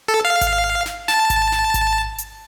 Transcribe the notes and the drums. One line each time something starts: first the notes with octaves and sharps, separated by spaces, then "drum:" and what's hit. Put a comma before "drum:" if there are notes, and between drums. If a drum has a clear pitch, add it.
A4
F5
drum: kick G#1, hi-hat
drum: snare
A5, drum: snare
drum: kick G#1, hi-hat
drum: snare
drum: kick G#1, hi-hat
drum: hi-hat